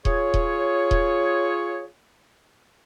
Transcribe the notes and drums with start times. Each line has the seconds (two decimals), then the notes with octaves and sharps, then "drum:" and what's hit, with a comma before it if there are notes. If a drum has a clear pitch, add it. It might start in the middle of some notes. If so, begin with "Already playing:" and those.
0.05 F4 G#4 C#5, drum: kick D#1
0.34 drum: kick D#1
0.91 drum: kick D#1